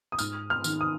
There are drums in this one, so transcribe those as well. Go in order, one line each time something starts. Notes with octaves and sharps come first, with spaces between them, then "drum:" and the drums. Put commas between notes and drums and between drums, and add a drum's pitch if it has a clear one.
D#6
G#2 F6, drum: tambourine
F6
D#3, drum: tambourine
D#6